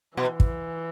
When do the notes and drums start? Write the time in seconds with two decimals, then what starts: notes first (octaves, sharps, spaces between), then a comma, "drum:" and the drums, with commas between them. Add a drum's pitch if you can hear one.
0.17 B2 E3
0.40 drum: kick